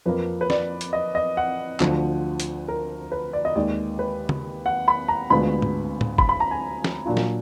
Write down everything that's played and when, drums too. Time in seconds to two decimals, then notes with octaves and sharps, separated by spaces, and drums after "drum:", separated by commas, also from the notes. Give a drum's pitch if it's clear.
0.06 F2 F3 A#3 B4
0.41 B4
0.50 D5, drum: snare
0.81 drum: hi-hat
0.93 D#5
1.15 D#5
1.37 F#5
1.80 D2 D3 F3, drum: clap
2.40 drum: hi-hat
2.68 A#4
3.12 B4
3.33 D5
3.45 D#5
3.56 D#2 D#3 G#3 D5
3.99 B4
4.29 drum: tom
4.66 F#5
4.88 B5
5.08 A#5
5.30 D2 D3 G#3 B3 F4 B5
5.62 drum: tom
6.01 drum: tom A2
6.18 B5, drum: kick
6.29 B5
6.40 A#5
6.51 G#5
6.84 drum: snare
7.06 A#2 F#3 D4 F4
7.17 drum: snare